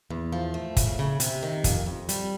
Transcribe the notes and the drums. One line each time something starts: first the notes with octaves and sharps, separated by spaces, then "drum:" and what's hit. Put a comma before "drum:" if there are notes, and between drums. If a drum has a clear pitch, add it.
E2
F3
A3
C#3, drum: kick, hi-hat
C#3
C3, drum: hi-hat
D#3
F2, drum: kick, hi-hat
F2
G3, drum: hi-hat